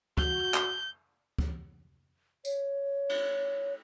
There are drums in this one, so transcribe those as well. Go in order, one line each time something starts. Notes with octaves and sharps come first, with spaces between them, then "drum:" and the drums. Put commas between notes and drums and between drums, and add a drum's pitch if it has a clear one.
F#4 G6, drum: kick
drum: clap
drum: kick
C#5, drum: tambourine
drum: cymbal